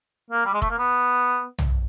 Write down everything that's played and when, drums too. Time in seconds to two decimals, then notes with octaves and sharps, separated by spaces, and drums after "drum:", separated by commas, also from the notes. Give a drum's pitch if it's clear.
0.31 A#3
0.46 G3
0.54 G#3
0.62 A3, drum: kick F1
0.70 A#3
0.78 B3
1.59 drum: tom B1